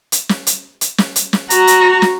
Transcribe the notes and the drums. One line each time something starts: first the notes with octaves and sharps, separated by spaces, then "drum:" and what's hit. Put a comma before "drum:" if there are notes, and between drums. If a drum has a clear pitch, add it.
drum: hi-hat
drum: snare
drum: hi-hat
drum: hi-hat
drum: snare
drum: hi-hat
drum: snare
F#4 A#5, drum: hi-hat
drum: hi-hat
drum: snare